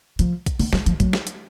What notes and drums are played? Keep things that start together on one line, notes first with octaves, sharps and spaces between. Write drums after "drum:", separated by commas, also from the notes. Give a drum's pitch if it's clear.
F3, drum: hi-hat
drum: kick A#1, hi-hat
D3, drum: open hi-hat
F#3, drum: snare
F3, drum: hi-hat
F#3, drum: kick A#1, hi-hat
drum: snare
drum: hi-hat